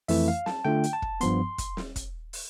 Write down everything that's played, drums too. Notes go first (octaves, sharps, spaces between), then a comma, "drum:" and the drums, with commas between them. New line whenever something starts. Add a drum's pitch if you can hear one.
F2 E3 A3 E4 E5, drum: open hi-hat
F5
A5, drum: snare
D3 A3 D4 F4 G5
drum: hi-hat
A5
drum: kick
G2 F3 B3 C6, drum: hi-hat
drum: kick, hi-hat
drum: snare
drum: kick, hi-hat
drum: open hi-hat